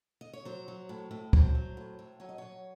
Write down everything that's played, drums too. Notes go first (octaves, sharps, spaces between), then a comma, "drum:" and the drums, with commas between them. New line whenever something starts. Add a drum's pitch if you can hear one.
D#5
C#5
F#3 C5
F#3
A2
A2
F#3 C5, drum: kick
F#3
A2
A2
F#3 C#5
D#5
F#3 C#5